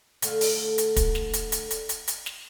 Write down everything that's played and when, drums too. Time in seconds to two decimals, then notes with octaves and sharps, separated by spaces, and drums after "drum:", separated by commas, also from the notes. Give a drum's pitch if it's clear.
0.22 D3 A3 F5, drum: hi-hat
0.41 drum: open hi-hat
0.78 drum: hi-hat
0.96 drum: kick, hi-hat
1.15 drum: snare
1.33 drum: hi-hat
1.52 drum: hi-hat
1.71 drum: hi-hat
1.89 drum: hi-hat
2.08 drum: hi-hat
2.26 drum: snare